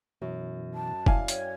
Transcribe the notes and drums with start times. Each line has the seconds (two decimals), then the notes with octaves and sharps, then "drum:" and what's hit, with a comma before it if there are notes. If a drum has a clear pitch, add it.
0.22 F#2 B2 E3
0.74 A5
1.06 E4 D5 F5 G#5, drum: kick F1
1.28 C#5 G5, drum: hi-hat